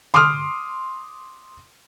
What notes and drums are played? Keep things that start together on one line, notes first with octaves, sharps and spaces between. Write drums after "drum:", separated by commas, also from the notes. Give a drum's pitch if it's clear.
C6 D6 D#6 F6, drum: tom D3